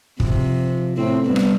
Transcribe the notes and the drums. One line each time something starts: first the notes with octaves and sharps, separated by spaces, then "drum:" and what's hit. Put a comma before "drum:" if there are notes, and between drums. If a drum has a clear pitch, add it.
C3 F3, drum: kick
A2 C4
G2 B3
drum: rim click